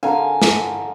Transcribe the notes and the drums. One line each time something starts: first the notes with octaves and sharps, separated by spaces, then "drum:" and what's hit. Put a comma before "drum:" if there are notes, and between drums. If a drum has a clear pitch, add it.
D3 A#4 F5 G#5
drum: snare